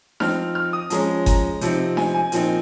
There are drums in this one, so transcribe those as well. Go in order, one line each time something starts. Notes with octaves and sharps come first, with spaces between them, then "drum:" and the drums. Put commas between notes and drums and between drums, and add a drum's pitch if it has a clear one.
F3 C4 D#4 F6, drum: snare D4
F6
D#6
F3 G#3 C#4 A#5, drum: hi-hat
A#5, drum: kick G1, hi-hat
C3 F3 C4 D#4, drum: hi-hat
G#5, drum: snare D4
G#5
A#2 F3 C4 D#4, drum: hi-hat